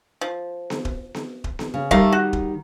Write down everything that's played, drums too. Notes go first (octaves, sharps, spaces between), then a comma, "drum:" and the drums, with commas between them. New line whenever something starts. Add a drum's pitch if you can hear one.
F3
drum: snare B3
drum: kick D#1
drum: snare B3
drum: kick D#1
drum: snare B3
C#3
D#3 G3 A3 A#4 F5, drum: kick D#1
F#4
drum: kick D#1